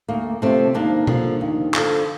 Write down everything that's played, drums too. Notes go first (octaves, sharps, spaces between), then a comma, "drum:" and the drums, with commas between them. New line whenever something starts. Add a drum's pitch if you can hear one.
D2 A#3
C3 F3 A3 C4
D#2 A#3 D4
D3 F3, drum: tom B2
D#2
D3 F3, drum: clap